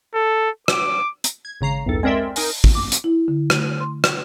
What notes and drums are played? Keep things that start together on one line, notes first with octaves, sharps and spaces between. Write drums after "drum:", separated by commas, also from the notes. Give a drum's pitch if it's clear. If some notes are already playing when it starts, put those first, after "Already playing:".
A4
D6, drum: rim click
drum: hi-hat
G#6
G#1 C#3 A#5 C7
B1 E2 G2 A4
G#3 C4 A#4 D5 E5 G5
D#4 A#4 G#5, drum: open hi-hat
drum: kick
D6
drum: hi-hat
E4
D3
A3, drum: rim click
C6
drum: rim click